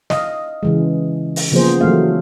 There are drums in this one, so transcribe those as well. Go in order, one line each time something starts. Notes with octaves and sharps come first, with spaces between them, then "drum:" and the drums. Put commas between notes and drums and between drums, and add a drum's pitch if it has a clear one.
D#5 F5, drum: snare
C#3 E3 G#3
drum: open hi-hat
C#3 F3 A#3 B3 G#4 C5
E3 F#3 A3 A#3 F5